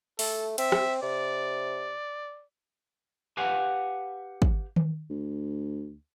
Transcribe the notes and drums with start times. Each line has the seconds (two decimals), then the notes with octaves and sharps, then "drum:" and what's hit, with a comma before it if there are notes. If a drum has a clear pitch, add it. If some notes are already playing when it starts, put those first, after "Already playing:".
0.19 A3 A4, drum: open hi-hat
0.58 C4 E5, drum: cymbal
0.72 drum: rim click
1.02 C3 D5
3.37 G4 B4 F5 F#5 G#5
4.42 drum: kick
4.76 drum: tom D#3
5.10 D2